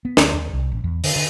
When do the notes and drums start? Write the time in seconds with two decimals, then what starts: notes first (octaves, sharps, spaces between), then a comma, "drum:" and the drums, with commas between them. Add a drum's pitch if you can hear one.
0.05 B3
0.17 D2, drum: snare
0.33 D#2
0.53 C2
0.72 A1
0.84 E2
1.04 D3, drum: open hi-hat
1.16 D3